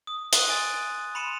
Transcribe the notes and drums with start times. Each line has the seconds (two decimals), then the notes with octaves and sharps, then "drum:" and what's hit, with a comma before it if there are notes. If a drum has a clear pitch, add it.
0.07 D#6
0.33 C6 D#6 F#6 D#7, drum: hi-hat
0.49 G#5 D#6 A6 D7
1.15 B5 C6 C#7 D#7 E7